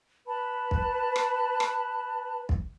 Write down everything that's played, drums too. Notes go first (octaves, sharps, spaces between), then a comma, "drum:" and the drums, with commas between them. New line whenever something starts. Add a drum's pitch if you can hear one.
B4 A5 B5
drum: kick
drum: rim click
drum: rim click
drum: kick